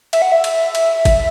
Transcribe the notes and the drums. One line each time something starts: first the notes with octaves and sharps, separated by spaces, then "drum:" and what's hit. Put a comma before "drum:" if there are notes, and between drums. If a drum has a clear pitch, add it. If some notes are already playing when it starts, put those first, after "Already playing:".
E5, drum: cymbal
F#5
E5
drum: cymbal
drum: cymbal
drum: kick G1, cymbal